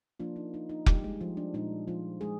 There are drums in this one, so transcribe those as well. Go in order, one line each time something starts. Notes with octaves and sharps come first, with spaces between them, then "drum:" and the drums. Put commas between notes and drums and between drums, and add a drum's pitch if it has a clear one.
F3 A#3 D4 F4
D#4
D#4
D#4
G3 G4, drum: kick F1
G#3 G#4
F3 F4
D4
A#2 G#3 D4 D#4
F3 F4
G#3 G#4